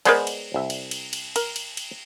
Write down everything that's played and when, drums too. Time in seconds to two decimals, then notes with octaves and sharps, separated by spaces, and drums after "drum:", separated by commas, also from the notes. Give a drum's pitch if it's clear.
0.05 G#3 B3 G#4 A#4 C5 D5, drum: cymbal
0.27 drum: cymbal
0.54 C2 E5
0.70 drum: cymbal
0.91 drum: cymbal
1.13 drum: cymbal
1.36 A#4, drum: cymbal
1.56 drum: cymbal
1.77 drum: cymbal